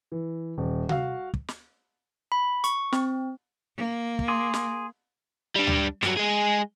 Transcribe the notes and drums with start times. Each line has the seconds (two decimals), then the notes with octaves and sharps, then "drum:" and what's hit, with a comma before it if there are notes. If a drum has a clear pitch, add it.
0.12 E3
0.58 D#1
0.89 F#4 F5, drum: tom C3
1.34 drum: kick
1.48 drum: snare
2.32 B5
2.64 C#6, drum: hi-hat
2.93 C4, drum: snare
3.77 A#3
4.19 drum: kick
4.28 G#4 C6 D6
4.54 drum: snare
5.56 G3 D4
5.67 drum: tom D2
6.02 G2 F#3, drum: snare
6.17 G#3 G#4